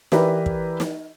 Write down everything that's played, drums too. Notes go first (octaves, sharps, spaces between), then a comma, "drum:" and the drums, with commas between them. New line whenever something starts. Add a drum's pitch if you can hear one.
E3 E4 G4 A#4 B4 D5, drum: snare
drum: kick
drum: snare